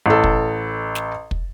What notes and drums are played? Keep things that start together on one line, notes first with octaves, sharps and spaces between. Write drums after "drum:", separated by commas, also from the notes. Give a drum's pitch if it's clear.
A1 A4
drum: kick
drum: snare
drum: kick